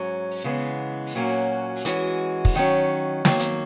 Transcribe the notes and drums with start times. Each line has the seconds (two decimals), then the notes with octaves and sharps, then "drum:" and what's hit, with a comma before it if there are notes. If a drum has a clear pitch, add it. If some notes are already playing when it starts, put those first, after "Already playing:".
Already playing: G#2 F#3 C#4
0.44 C#3 E3 G#3 B3
1.15 A#2 F#3 A#3 C#4 F#4
1.85 E3 G#3 C#4 F#4, drum: hi-hat
2.45 drum: kick
2.55 D#3 F#3 C#4
3.25 D#3 F#3 A#3, drum: snare
3.39 drum: hi-hat